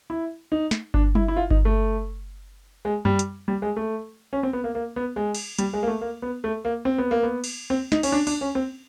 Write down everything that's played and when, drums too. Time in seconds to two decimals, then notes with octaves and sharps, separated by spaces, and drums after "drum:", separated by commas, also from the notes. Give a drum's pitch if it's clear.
0.10 E4
0.52 D#4
0.71 drum: snare
0.94 D4, drum: kick G1
1.15 E4, drum: tom G3
1.28 E4
1.36 F4
1.51 D#4, drum: kick G1
1.65 A3
2.85 G#3
3.05 G3, drum: tom F#2
3.19 drum: hi-hat
3.48 G3
3.62 G#3
3.76 A3
4.33 C#4
4.43 C4
4.53 B3
4.64 A#3
4.75 A#3
4.96 B3
5.16 G#3
5.34 drum: cymbal
5.58 G3, drum: hi-hat
5.73 G#3
5.83 A#3
5.87 A3
6.01 A#3
6.22 B3
6.44 A3
6.65 A#3
6.85 C4
6.98 B3
7.11 A#3
7.23 B3
7.44 drum: cymbal
7.70 C4
7.92 D#4, drum: snare
8.03 C#4, drum: cymbal
8.12 D4
8.27 D4, drum: open hi-hat
8.41 C#4
8.55 C4